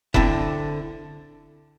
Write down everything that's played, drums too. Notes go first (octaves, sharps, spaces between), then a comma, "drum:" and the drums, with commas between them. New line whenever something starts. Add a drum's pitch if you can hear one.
D3 C4 E4 A5, drum: kick F1